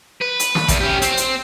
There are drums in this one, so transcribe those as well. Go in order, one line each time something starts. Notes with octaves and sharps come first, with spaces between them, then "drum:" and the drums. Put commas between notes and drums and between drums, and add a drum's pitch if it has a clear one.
B4
drum: hi-hat
drum: snare
E2, drum: kick A1, hi-hat
C#4 G4
C4, drum: hi-hat
drum: hi-hat